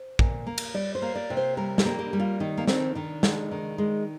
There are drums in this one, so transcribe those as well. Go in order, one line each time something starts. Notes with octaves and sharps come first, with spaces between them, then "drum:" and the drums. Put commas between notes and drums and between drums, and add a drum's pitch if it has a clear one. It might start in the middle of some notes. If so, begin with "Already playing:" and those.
Already playing: C5
A#2, drum: kick
A#3
drum: cymbal
G3 D5
C5
A#3
D5
C3
C5
G3 A#4
G4, drum: snare
A#3
G4
G3
F4
D#3 D#4
A#3
D#3 C4, drum: snare
D#3 D4
G#3, drum: snare
D#3
G#3